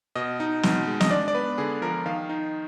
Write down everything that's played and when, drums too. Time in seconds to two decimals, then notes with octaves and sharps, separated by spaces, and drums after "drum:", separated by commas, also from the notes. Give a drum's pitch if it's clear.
0.15 B2 D#5
0.40 D#4
0.63 B2, drum: snare
0.87 G#3
1.01 D#5, drum: snare
1.11 D4 D5
1.28 D5
1.35 B3 B4
1.58 D3 G#4
1.82 F3 A#4
2.06 D#3 F5
2.29 D#4